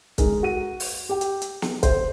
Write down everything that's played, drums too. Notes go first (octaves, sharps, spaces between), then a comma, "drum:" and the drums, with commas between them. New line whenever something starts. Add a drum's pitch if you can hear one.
G#3 D#4 G#4 A#4, drum: kick, hi-hat
F#4 D#7
drum: open hi-hat
G4 G5
drum: hi-hat
drum: hi-hat
drum: snare
C5 E5, drum: kick, hi-hat